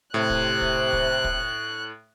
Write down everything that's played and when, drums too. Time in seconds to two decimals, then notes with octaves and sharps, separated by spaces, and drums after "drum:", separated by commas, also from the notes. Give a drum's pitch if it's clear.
0.14 A2 C3 F#6
0.30 drum: kick
0.61 drum: kick
0.93 drum: kick
1.24 drum: kick